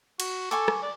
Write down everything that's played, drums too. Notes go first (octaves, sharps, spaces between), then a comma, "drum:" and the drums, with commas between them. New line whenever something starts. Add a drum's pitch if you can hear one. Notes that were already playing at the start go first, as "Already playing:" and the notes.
F#4, drum: cymbal
A4 G#5 C#6 D6
drum: rim click
D5